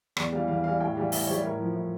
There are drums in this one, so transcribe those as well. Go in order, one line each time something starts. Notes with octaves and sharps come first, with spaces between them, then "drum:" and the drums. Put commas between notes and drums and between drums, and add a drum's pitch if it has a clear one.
E2 D5, drum: rim click
E3 G3 F5
E2 F5
E3 G3 F5
A2 G5
E3 G3 F5
A2 E5, drum: open hi-hat
E3 G3 C#5
A2 A#4
F3
A2